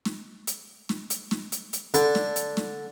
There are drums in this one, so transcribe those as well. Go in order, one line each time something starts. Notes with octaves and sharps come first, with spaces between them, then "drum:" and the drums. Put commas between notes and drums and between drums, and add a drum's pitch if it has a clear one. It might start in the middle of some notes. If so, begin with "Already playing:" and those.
drum: snare
drum: hi-hat
drum: snare
drum: hi-hat
drum: snare
drum: hi-hat
drum: hi-hat
D3, drum: hi-hat
drum: snare
drum: hi-hat
drum: snare